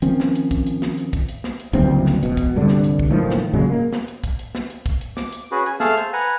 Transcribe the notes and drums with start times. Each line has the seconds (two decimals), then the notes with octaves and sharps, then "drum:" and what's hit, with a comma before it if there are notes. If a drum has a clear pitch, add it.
0.02 D#3 F3 C4 C#4, drum: hi-hat
0.20 drum: snare
0.35 drum: hi-hat
0.51 drum: kick, hi-hat
0.66 drum: hi-hat
0.82 drum: snare
0.98 drum: hi-hat
1.13 drum: kick, hi-hat
1.29 drum: hi-hat
1.44 drum: snare
1.60 drum: hi-hat
1.73 F#1 D2 G2 C4, drum: kick, hi-hat
2.06 drum: snare
2.23 E1 A#1 B2, drum: hi-hat
2.37 drum: kick, hi-hat
2.56 C2 G2 D3 D4
2.68 drum: snare
2.84 drum: hi-hat
2.99 drum: kick
3.10 F#1 A2 D#3 F3
3.30 drum: snare
3.53 A#2 C#3 F#3 G#3
3.70 A#3
3.93 drum: snare
4.08 drum: hi-hat
4.24 drum: kick, hi-hat
4.39 drum: hi-hat
4.55 drum: snare
4.70 drum: hi-hat
4.86 drum: kick, hi-hat
5.01 drum: hi-hat
5.17 D6, drum: snare
5.32 drum: hi-hat
5.51 C#4 F#4 G#4 B4
5.66 G#5, drum: hi-hat
5.80 A3 G#4 A4 F5 A5 F6, drum: snare
5.97 C5, drum: hi-hat
6.13 B4 F#5 G#5 A#5